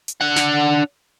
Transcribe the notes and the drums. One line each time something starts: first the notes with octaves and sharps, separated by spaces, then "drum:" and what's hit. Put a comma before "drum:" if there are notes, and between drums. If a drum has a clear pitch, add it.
drum: hi-hat
D4 F#5
drum: snare